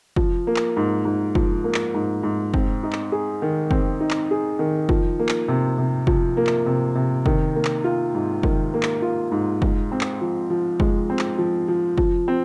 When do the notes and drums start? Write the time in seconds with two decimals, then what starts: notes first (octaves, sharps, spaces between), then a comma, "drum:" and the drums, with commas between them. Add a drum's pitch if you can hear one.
0.16 F3, drum: kick
0.47 A#3
0.56 drum: clap
0.77 G#2
1.05 G#2
1.35 F3, drum: kick
1.64 A#3
1.74 drum: clap
1.94 G#2
2.23 G#2
2.54 C4, drum: kick
2.83 D#4
2.93 drum: clap
3.12 G#4
3.42 D#3
3.71 C4, drum: kick
4.01 D#4
4.11 drum: clap
4.31 G#4
4.59 D#3
4.89 F3, drum: kick
5.19 A#3
5.29 drum: clap
5.48 C3
5.78 C3
6.07 F3, drum: kick
6.37 A#3
6.47 drum: clap
6.66 C3
6.95 C3
7.26 D#3, drum: kick
7.56 A#3
7.65 drum: clap
7.84 F4
8.15 G#2
8.43 D#3, drum: kick
8.74 A#3
8.83 drum: clap
9.02 F4
9.32 G#2
9.62 G#3, drum: kick
9.92 C4
10.01 drum: clap
10.21 F3
10.50 F3
10.80 G#3, drum: kick
11.10 C4
11.19 drum: clap
11.38 F3
11.68 F3
11.98 F3, drum: kick
12.28 C4